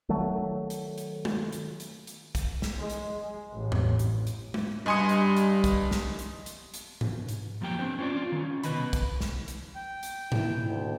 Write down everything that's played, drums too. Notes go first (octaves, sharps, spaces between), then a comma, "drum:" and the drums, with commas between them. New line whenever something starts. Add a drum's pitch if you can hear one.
D#3 F#3 A3
drum: hi-hat
drum: hi-hat
drum: tom G#3
drum: hi-hat
drum: hi-hat
drum: hi-hat
drum: kick, hi-hat
drum: snare
G#3
drum: hi-hat
A1 A2
drum: tom E2
drum: hi-hat
drum: hi-hat
drum: tom G#3
G2 G3 D#5 G#5 C6 D#6 C#7
drum: hi-hat
drum: hi-hat
drum: kick, hi-hat
drum: snare
drum: hi-hat
drum: hi-hat
drum: hi-hat
drum: tom G#2
drum: hi-hat
F#2 F3 A#3 G4 G5
C4 D4 C5
C#4 F4 D5
F4
D#3 C#4
C2 B2 B4 D#5 B5, drum: hi-hat
drum: kick, hi-hat
drum: snare
drum: hi-hat
G5
drum: hi-hat
A#2 D#3 E4, drum: tom G#2
D2